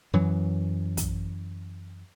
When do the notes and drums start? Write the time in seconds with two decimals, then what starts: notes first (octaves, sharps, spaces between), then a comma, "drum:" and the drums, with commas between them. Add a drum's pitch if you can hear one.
0.13 F#2 E3 F#3
0.97 drum: kick, hi-hat